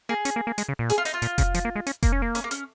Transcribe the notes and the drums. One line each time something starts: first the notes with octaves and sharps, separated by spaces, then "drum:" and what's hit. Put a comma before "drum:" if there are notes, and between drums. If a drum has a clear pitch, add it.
A#3 G#4
C#4, drum: hi-hat
A#3
A#3
G#3, drum: hi-hat
C#3
A#2
G#4, drum: hi-hat
F4
D#4, drum: hi-hat
F4
A#2, drum: hi-hat
C#3, drum: kick F1, hi-hat
F3, drum: hi-hat
A#3
G#3
C#4, drum: hi-hat
A#3, drum: kick F1, hi-hat
C#4
A#3
C#4, drum: hi-hat
A#3
C#4, drum: hi-hat